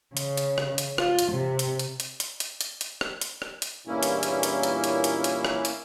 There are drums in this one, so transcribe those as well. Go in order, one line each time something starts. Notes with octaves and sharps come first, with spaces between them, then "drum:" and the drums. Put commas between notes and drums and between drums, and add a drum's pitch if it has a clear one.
C#3, drum: hi-hat
drum: hi-hat
drum: rim click
drum: hi-hat
F4, drum: rim click
drum: hi-hat
C3
drum: hi-hat
drum: hi-hat
drum: hi-hat
drum: hi-hat
drum: hi-hat
drum: hi-hat
drum: hi-hat
drum: rim click
drum: hi-hat
drum: rim click
drum: hi-hat
E2 G2 A#2 A#3 C#4 E4
drum: hi-hat
drum: hi-hat
drum: hi-hat
drum: hi-hat
drum: hi-hat
drum: hi-hat
drum: hi-hat
drum: rim click
drum: hi-hat